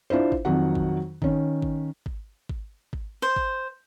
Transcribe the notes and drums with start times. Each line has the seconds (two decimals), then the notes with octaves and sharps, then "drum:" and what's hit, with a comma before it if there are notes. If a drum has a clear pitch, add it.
0.10 D4 E4 F4 C5
0.32 drum: kick G#1
0.45 F2 D#3 F#3 F#4 F#5
0.75 drum: kick G#1
1.22 D#3 C#4, drum: kick G#1
1.62 drum: kick G#1
2.06 drum: kick G#1
2.49 drum: kick G#1
2.93 drum: kick G#1
3.22 C5
3.36 drum: kick G#1